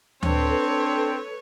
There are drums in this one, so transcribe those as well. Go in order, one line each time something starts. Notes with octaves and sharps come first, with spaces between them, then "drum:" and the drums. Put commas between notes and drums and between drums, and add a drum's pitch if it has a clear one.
C4 D4 A4 B4 C#5, drum: tom D2